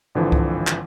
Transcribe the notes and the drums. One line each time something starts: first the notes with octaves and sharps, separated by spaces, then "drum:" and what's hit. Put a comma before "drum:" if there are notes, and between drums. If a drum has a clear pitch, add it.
G#1 D3 E3 F3
drum: kick C2
drum: clap